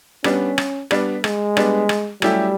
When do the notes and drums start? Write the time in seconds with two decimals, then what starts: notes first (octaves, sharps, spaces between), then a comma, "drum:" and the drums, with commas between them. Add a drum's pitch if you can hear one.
0.24 G3 B3 C#4 D4, drum: rim click
0.58 drum: rim click
0.91 G3 B3 D4, drum: rim click
1.24 G#3, drum: rim click
1.57 G3 B3 D4, drum: rim click
1.89 drum: rim click
2.22 F#3 G3 A3 C#4 E4 G4, drum: rim click